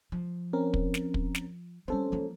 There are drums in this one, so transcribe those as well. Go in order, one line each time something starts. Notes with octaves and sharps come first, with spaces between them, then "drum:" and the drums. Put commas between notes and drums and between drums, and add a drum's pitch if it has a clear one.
F3
C4 C#4 A#4
drum: kick
drum: snare
drum: kick
drum: snare
G3 C4 C#4 A4 C5
F3 A#3